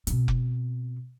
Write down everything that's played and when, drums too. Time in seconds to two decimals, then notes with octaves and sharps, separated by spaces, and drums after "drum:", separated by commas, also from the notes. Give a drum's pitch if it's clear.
0.07 B2 C4, drum: hi-hat
0.28 drum: kick F1